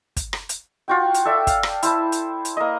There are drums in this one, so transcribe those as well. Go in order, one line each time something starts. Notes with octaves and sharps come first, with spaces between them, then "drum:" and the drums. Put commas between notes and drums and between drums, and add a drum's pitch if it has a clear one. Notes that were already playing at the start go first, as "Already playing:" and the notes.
drum: kick, hi-hat
drum: rim click
drum: hi-hat
F4 F#4 G5
drum: hi-hat
A4 D5 E5 G5
F5, drum: kick, hi-hat
drum: rim click
E4 C5 A5 B5, drum: hi-hat
drum: hi-hat
drum: hi-hat
A#3 D#5